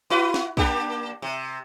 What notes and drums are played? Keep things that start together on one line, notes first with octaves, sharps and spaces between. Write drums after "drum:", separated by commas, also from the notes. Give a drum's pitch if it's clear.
E4 F#4 B4
drum: snare
A#3 D4 G4, drum: kick
C3